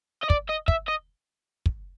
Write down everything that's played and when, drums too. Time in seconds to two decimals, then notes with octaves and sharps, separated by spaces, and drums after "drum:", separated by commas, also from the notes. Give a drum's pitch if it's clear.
0.24 D#5
0.30 D5, drum: kick
0.49 D#5
0.68 E5, drum: kick
0.88 D#5
1.66 drum: kick